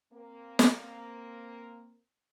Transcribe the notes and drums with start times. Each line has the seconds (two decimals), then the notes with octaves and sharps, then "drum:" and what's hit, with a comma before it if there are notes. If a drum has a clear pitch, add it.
0.12 A#3 C4
0.59 drum: snare